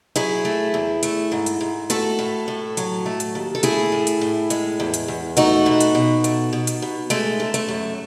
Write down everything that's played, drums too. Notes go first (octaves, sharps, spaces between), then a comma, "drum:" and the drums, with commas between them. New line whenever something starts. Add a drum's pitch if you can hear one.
F#3 E4 G#4, drum: hi-hat
A3
E2
A3, drum: hi-hat
G#2
drum: hi-hat
G#2
A3 F#4 A4, drum: hi-hat
A2
A2
F#3, drum: hi-hat
A3
drum: hi-hat
D#2
A4
A3 E4 G#4, drum: hi-hat
A2
drum: hi-hat
A2
G#3, drum: hi-hat
E2
drum: hi-hat
E2
A3 D#4 F#4, drum: hi-hat
B2
drum: hi-hat
B2
A3, drum: hi-hat
B2
drum: hi-hat
B2
G#3 A3, drum: hi-hat
F#2
A3, drum: hi-hat
F#2